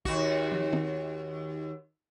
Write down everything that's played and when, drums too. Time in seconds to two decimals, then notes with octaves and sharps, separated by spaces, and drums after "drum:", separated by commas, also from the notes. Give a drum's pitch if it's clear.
0.05 D#2 F#4, drum: kick
0.52 drum: tom
0.73 drum: tom D#3